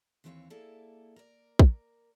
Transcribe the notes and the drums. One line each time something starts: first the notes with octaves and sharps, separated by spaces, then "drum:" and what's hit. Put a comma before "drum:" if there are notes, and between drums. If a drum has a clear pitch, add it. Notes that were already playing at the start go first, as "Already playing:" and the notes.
D#2 E3 C4 G#4 C#5 F5
A#3 E4 G#4 A4 D5
A#4 D5
drum: kick